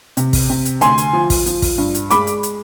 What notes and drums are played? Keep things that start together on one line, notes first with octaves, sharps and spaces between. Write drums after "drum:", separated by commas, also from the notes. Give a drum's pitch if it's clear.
C3, drum: hi-hat
drum: kick, open hi-hat
C3
drum: hi-hat
D2 G#5 C6, drum: hi-hat
drum: hi-hat
F3
drum: kick, open hi-hat
F3, drum: hi-hat
drum: kick, open hi-hat
G2
drum: hi-hat
G#3 B5 D6, drum: hi-hat
drum: hi-hat
drum: hi-hat